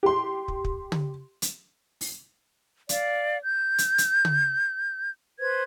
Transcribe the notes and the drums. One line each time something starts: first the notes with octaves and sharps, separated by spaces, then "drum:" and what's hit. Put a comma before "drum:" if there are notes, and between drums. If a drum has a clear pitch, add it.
G4 C6
drum: kick
drum: kick
drum: tom
drum: hi-hat
drum: open hi-hat
D5 F5, drum: hi-hat
G6
drum: hi-hat
drum: hi-hat
drum: tom
B4 C5 G#6